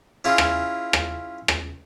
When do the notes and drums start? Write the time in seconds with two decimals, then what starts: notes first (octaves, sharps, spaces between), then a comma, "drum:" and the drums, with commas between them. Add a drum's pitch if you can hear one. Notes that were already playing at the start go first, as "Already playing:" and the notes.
0.24 C#4 E4 F4 G#4
0.38 drum: rim click
0.93 drum: rim click
1.48 drum: rim click